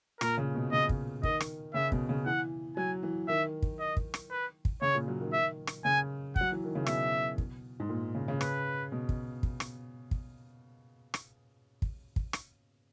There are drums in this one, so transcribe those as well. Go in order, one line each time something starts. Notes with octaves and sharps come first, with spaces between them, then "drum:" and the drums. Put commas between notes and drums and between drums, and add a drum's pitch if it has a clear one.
A#2 A#4, drum: rim click
C#3
B2
C#3 D#5
drum: kick
D#3 D#5, drum: kick
drum: rim click
C#3 E5
B2, drum: kick
C#3
E3 F#5
F#3 G#5
E3
D#3 E5
drum: kick
D#5
drum: kick
drum: rim click
B4
drum: kick
C#3 C#5
A#2
F#3
D#3
E5
drum: rim click
C#3 G#5
F#5, drum: kick
F#3
E3
D#3
C#3
B2 E5, drum: rim click
drum: kick
G#2
A#2
C#3
C#3
B4, drum: rim click
B2
drum: kick
drum: kick
drum: rim click
drum: kick
drum: rim click
drum: kick
drum: kick
drum: rim click